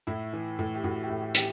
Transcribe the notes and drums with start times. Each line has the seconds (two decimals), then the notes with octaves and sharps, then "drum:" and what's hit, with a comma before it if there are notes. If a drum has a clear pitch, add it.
0.07 A2 E4
0.33 E3
0.59 A2
0.75 G4
0.83 A2 F#4
1.03 G4
1.10 A2
1.22 G4
1.35 E3 G4, drum: hi-hat